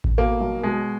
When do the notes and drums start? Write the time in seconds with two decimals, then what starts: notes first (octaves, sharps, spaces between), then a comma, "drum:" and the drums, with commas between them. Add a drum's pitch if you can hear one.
0.04 drum: kick A1
0.18 B2 A#3
0.40 B1
0.63 B2 G#3